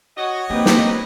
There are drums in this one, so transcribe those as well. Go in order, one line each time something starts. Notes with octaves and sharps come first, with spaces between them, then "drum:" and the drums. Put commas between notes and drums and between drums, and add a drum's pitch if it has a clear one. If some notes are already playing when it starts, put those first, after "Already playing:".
F#4 C#5 D#5
A#3 C4 D#4 G4 B4
drum: snare